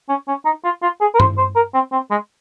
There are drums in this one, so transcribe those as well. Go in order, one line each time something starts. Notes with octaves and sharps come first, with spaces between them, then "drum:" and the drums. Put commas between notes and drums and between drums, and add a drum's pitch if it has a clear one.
C#4
C#4
D#4
F4
F4
G#4
A#4
C5, drum: tom G2
C5
A#4
C4
C4
G#3